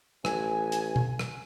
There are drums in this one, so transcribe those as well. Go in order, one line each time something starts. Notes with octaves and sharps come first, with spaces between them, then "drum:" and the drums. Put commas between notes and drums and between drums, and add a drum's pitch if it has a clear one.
A1 G#5, drum: rim click
drum: hi-hat
drum: tom B2
drum: rim click